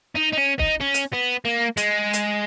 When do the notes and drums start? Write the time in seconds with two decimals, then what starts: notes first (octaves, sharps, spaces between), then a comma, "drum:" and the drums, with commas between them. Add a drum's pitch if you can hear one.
0.16 D#4
0.33 D#4
0.38 C#4
0.59 D#4, drum: kick
0.81 C#4
0.94 drum: hi-hat
1.13 B3
1.45 A#3
1.77 G#3, drum: hi-hat
2.13 drum: hi-hat